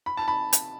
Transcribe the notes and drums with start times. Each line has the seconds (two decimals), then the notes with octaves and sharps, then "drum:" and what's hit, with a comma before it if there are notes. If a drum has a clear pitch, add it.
0.06 B5
0.17 A5
0.28 B5
0.53 drum: hi-hat